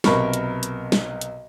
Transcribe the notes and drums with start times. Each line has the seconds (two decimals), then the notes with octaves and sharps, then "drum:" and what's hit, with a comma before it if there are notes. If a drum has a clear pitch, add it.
0.04 B1 C3 A#4 B5 C#6, drum: snare
0.33 drum: hi-hat
0.63 drum: hi-hat
0.92 drum: snare
1.21 drum: hi-hat